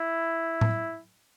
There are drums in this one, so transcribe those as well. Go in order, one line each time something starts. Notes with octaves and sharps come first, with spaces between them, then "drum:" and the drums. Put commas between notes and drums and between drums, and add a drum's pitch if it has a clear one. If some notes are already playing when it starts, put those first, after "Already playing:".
Already playing: E4
drum: tom A2